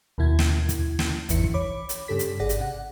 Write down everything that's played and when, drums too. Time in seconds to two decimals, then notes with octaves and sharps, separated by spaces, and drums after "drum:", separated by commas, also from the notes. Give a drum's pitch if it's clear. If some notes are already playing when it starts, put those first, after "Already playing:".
0.18 D#2 B2 E4 G#6
0.39 drum: snare
0.69 drum: kick, hi-hat
0.99 drum: snare
1.29 G#1 E2 E3 E5 C#7, drum: hi-hat
1.44 drum: kick
1.54 C#5 B5 D6
1.89 drum: hi-hat
2.08 G2 C#3 G4 A4 B6
2.19 drum: hi-hat
2.40 G#1 G#4 D5 F#5 A#6
2.49 drum: hi-hat
2.60 C3 F#5